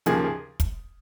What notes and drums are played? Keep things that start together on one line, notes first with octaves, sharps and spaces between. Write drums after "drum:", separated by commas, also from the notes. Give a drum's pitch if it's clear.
D#2 C#3 F3 A#3 G#4, drum: hi-hat
G#4
drum: kick, hi-hat